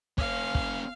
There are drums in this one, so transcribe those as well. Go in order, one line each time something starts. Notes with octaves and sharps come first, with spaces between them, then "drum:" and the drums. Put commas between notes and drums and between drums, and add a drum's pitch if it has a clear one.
A#3 C#4 F5, drum: kick
drum: kick